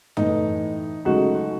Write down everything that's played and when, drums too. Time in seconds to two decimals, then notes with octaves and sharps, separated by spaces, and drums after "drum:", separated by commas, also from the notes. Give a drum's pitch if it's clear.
0.17 A2 E3 A3 D#4, drum: tom F#2
1.05 C#2 C#3 F#3 A3 D#4 F#4